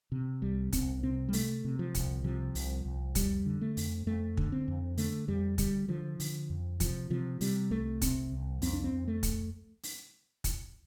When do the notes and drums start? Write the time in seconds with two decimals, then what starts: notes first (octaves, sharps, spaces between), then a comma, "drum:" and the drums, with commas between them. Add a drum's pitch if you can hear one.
0.12 C3
0.42 C2 G3
0.73 C2 C4, drum: kick, hi-hat
1.03 C3 C4
1.29 G3
1.33 C3 A3, drum: open hi-hat
1.65 C3
1.79 F3
1.95 C2, drum: kick, hi-hat
2.24 C3 F3
2.55 C2, drum: open hi-hat
2.85 C2
3.15 F2 G3, drum: kick, hi-hat
3.46 D3
3.61 A3
3.77 F2, drum: open hi-hat
4.06 F2 A3
4.37 D3, drum: kick
4.52 C4
4.68 F2
4.97 D3 A3, drum: open hi-hat
5.28 F2 G3
5.58 D3 G3, drum: kick, hi-hat
5.88 D3 F3
6.20 D3, drum: open hi-hat
6.50 F2
6.80 C3 F3, drum: kick, hi-hat
7.10 C3 F3
7.41 C3 G3, drum: open hi-hat
7.71 C2 A3
8.01 C3 C4, drum: kick, hi-hat
8.32 C2
8.62 F2 C4, drum: open hi-hat
8.73 D4
8.84 C4
8.92 F2
9.08 A3
9.23 drum: kick, hi-hat
9.83 drum: open hi-hat
10.44 drum: kick, hi-hat